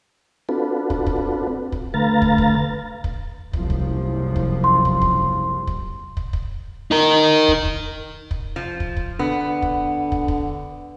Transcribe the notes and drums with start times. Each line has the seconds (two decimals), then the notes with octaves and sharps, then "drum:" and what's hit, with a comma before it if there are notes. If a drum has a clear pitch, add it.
0.49 C4 D4 F4 F#4 A4 B4
0.90 drum: kick
1.06 drum: kick
1.72 drum: kick
1.94 D3 A3 B4 F5 A#5 A6
2.22 drum: kick
2.38 drum: kick
3.04 drum: kick
3.53 F#1 C2 F3, drum: kick
3.70 drum: kick
4.36 drum: kick
4.64 C6
4.85 drum: kick
5.02 drum: kick
5.67 drum: kick
6.17 drum: kick
6.33 drum: kick
6.91 D#4 A#4
7.48 drum: kick
7.65 drum: kick
8.31 drum: kick
8.56 F3
8.80 drum: kick
8.97 drum: kick
9.19 D3 B3
9.62 drum: kick
10.12 drum: kick
10.28 drum: kick